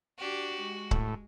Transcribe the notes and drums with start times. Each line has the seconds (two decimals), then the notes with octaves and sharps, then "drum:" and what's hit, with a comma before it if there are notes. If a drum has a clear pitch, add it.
0.18 D4 F#4 G4
0.61 G#3
0.91 A2, drum: kick C#1